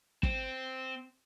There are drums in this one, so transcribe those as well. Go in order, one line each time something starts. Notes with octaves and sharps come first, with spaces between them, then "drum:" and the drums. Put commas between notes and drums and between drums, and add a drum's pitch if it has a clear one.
C4, drum: kick